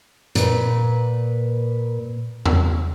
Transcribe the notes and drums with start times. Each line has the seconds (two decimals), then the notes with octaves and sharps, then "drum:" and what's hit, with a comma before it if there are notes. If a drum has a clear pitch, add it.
0.35 A#2 B4, drum: hi-hat
2.46 drum: tom E2